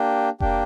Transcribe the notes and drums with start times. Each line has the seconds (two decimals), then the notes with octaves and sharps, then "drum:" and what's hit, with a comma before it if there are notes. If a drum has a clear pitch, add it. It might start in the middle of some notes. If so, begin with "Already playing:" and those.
Already playing: A#3 D4 G4
0.40 A#3 D4 G4, drum: kick F1